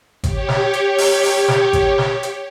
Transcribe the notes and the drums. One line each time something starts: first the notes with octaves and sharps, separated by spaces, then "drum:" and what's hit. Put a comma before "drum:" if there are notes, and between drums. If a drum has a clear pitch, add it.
G4 C#5, drum: kick G#1, hi-hat
drum: snare
drum: hi-hat
drum: open hi-hat
drum: open hi-hat
drum: snare
drum: kick G#1, hi-hat
drum: snare
drum: hi-hat